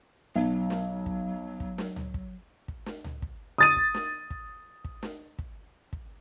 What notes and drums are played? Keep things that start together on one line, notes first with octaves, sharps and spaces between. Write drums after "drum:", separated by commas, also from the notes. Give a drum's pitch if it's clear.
B1 F#3
drum: snare
drum: kick
drum: kick
drum: snare
drum: tom C#2
drum: kick
drum: kick
drum: snare
drum: tom C#2
drum: kick
D#6 A6 D#7
drum: kick
drum: snare
drum: kick
drum: kick
drum: snare
drum: kick
drum: kick